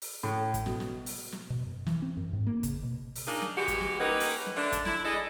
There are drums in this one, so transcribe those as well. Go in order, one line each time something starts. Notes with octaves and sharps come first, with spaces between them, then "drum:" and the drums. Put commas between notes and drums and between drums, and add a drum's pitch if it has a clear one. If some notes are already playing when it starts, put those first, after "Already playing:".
drum: open hi-hat
A2
drum: kick, hi-hat
B2, drum: snare
drum: snare
drum: open hi-hat
drum: snare
B2
F#2
E3, drum: snare
C4
F#2
G#2
A#3
C#3, drum: kick, hi-hat
B2
drum: open hi-hat
D4 D#4 F4 G#4 A#4
drum: snare
E3 G#3 F#4 G4
drum: kick, hi-hat
drum: snare
A#3 C#4 D#4 G4 A#4 B4
drum: open hi-hat
drum: snare
D3 A3 D4
drum: kick, hi-hat
E4, drum: snare
E4 G#4 A4 D5 D#5